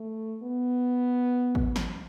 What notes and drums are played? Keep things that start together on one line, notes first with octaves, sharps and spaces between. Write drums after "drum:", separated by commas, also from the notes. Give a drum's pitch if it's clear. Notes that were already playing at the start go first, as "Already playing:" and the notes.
Already playing: A3
B3
drum: kick G#1
drum: snare